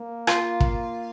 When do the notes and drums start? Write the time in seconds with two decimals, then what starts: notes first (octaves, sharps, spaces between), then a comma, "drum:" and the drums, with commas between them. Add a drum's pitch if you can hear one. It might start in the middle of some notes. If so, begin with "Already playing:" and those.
Already playing: A#3
0.27 F4, drum: rim click
0.60 drum: kick